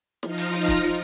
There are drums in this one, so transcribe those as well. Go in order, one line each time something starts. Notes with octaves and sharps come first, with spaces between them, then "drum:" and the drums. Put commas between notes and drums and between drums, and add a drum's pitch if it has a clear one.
F3 D#4 F4 F6 A#6, drum: snare
drum: hi-hat
drum: open hi-hat
drum: kick C#1, hi-hat
drum: open hi-hat